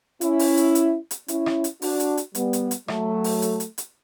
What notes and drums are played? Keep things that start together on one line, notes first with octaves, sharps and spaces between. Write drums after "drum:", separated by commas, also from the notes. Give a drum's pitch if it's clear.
C#4 E4, drum: hi-hat
drum: open hi-hat
drum: hi-hat
drum: hi-hat
drum: hi-hat
C#4 E4, drum: hi-hat
drum: rim click
drum: hi-hat
D4 F#4, drum: open hi-hat
drum: hi-hat
drum: hi-hat
G3 B3, drum: hi-hat
drum: hi-hat
drum: hi-hat
F#3 A3, drum: rim click
drum: open hi-hat
drum: hi-hat
drum: hi-hat
drum: hi-hat